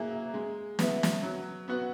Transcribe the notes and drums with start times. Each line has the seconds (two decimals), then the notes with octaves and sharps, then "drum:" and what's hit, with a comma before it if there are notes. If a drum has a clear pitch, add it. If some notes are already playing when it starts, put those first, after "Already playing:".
Already playing: F#3 A#3 E4 G#4
0.34 G#3
0.79 B3 E4, drum: snare
1.03 drum: snare
1.23 F#3
1.68 B3 F#4